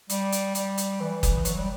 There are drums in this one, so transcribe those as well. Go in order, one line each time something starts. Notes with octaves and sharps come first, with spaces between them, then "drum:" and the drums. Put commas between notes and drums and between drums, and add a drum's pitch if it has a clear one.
G3, drum: hi-hat
drum: hi-hat
G3, drum: hi-hat
drum: hi-hat
E3
drum: kick, hi-hat
F#3, drum: hi-hat
G3